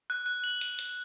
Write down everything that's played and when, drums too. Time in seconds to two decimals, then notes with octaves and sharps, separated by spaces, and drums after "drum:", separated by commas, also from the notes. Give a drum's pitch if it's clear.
0.10 F#6
0.26 F#6
0.44 F#7
0.61 drum: hi-hat
0.79 drum: hi-hat